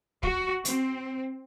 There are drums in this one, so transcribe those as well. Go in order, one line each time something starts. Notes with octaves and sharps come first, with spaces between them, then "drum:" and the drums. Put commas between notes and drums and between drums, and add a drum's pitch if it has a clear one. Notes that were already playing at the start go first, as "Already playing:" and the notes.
F#4, drum: kick
C4, drum: hi-hat